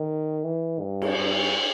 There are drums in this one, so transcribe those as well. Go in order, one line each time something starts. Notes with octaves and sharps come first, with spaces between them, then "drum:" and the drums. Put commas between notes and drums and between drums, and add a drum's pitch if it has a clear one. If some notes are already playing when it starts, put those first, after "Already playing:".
Already playing: D#3
E3
G2
drum: cymbal
G2